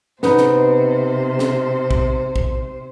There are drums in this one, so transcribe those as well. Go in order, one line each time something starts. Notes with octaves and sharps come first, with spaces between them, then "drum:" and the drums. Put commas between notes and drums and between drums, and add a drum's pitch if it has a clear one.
C3 B3 D#4 C5, drum: snare
drum: snare
drum: snare
drum: kick A#1
drum: kick A#1